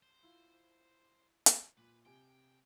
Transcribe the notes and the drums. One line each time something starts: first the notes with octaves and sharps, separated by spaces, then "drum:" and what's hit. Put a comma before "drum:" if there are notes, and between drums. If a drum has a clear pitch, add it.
C5
E4 F4
drum: hi-hat
A#2 B4
C3 G5 G#5